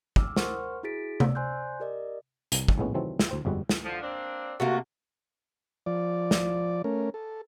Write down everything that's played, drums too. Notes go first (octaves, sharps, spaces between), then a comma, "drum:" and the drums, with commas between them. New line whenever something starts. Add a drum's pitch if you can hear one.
D6 E6 F6, drum: kick
A#4 C5 F#5 C6 C#6 F6, drum: snare
E4 F#4 G#4 A6 B6 D7
D5 E6, drum: tom C3
C5 D5 G#5 C6 F#6 G6
G4 A#4 D5 D#5
C2, drum: hi-hat
drum: kick
A#1 A2 G#3 B3 C#4
C3 D#3 E3 F#3 A3 C4
drum: snare
D2 C5 G5
G1 F2 G3 G#3 F#4
drum: snare
D3 F3
A#3 C4 D4
C3 A3 A#3 F#4
F3 D5
drum: snare
A3 C#4 A#4
A4